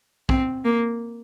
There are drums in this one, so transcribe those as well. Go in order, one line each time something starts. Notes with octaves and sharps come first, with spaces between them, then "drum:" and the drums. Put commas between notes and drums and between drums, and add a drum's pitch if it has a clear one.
C4, drum: kick
A#3